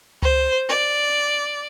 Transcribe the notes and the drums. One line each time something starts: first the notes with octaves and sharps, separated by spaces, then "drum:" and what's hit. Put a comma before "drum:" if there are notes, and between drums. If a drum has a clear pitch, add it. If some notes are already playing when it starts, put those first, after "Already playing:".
C5, drum: tom C#2
D5